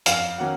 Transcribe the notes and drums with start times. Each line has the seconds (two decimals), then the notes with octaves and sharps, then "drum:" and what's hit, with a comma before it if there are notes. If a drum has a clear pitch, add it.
0.06 F2 F5, drum: hi-hat
0.38 D#3 F#3 A#3 C#4 F#5